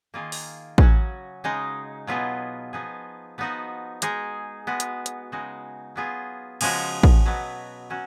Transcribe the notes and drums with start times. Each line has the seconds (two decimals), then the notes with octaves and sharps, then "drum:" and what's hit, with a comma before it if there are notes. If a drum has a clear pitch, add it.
0.14 D#3 A#3 F4 G#4
0.32 drum: open hi-hat
0.78 C#3 F#3 C#4 F#4, drum: kick A1
1.44 C#3 G#3 D#4
2.07 B2 F#3 B3 F4 G#4
2.73 F3 B3 D#4 G#4
3.38 F3 B3 D#4 F#4
4.02 G#3 D#4 G#4, drum: hi-hat
4.67 G#3 B3 F#4
4.80 drum: hi-hat
5.06 drum: hi-hat
5.32 C#3 G#3 D#4 F#4
5.96 F#3 B3 F4 G#4
6.61 C#3 F3 G#3 C#4 F#4, drum: cymbal
7.03 drum: kick A1
7.26 B2 F#3 B3
7.90 F#3 C#4 F#4